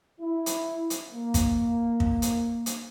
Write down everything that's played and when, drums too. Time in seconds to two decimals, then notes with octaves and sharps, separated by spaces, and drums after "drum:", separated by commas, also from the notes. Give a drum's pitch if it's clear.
0.20 E4
0.46 drum: hi-hat
0.90 drum: hi-hat
1.12 A#3
1.34 drum: kick, hi-hat
2.00 drum: kick
2.22 drum: hi-hat
2.66 drum: hi-hat